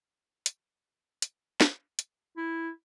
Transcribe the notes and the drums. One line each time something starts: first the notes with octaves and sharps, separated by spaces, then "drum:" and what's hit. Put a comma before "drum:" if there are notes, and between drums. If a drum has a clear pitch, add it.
drum: hi-hat
drum: hi-hat
drum: snare
drum: hi-hat
E4